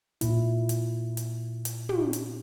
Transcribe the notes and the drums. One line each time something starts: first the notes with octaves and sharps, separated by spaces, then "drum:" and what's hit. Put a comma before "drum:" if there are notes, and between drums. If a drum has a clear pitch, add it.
A#2 E4, drum: hi-hat
drum: hi-hat
drum: hi-hat
drum: hi-hat
drum: tom
drum: hi-hat